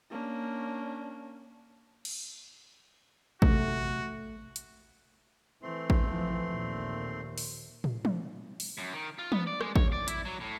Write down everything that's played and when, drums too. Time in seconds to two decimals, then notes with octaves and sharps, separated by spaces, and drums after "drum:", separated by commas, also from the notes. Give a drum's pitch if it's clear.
0.11 A#3 C#4 D4
2.05 drum: cymbal
3.42 C3 A3 F#4, drum: kick A1
4.56 drum: hi-hat
5.63 E3 A3 C4 C6
5.90 drum: kick A1
6.08 E3 F3
6.46 D#2 A#2
7.38 drum: open hi-hat
7.84 drum: tom
8.05 drum: tom
8.60 drum: open hi-hat
8.78 F#2
8.93 D#3
9.19 F4
9.32 B3, drum: tom
9.47 D5
9.61 G#3, drum: rim click
9.76 C#5, drum: kick A1
9.92 D5
10.08 E4, drum: hi-hat
10.25 F#3
10.40 A2